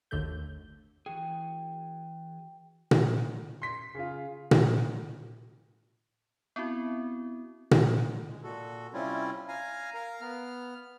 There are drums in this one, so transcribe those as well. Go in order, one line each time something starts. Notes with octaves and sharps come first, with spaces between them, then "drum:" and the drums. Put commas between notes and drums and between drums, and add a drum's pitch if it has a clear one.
G#1 D#2 D3 A3 G6
E3 F#4 G#4 G5
drum: tom A#2
C6 B6
C#3 F4
drum: tom A#2
B3 C4 E4 F#4
drum: tom A#2
G#3
A#2 F#4 A4
C3 G3 C4 C#4 E4 F4
F5 G#5 A#5
A#4 F5 A#5
B3 F6